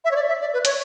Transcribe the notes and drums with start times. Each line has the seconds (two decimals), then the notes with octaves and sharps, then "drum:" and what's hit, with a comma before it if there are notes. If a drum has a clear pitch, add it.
0.05 E5
0.11 C#5
0.16 D5
0.28 E5
0.41 D5
0.54 B4
0.65 C#5, drum: hi-hat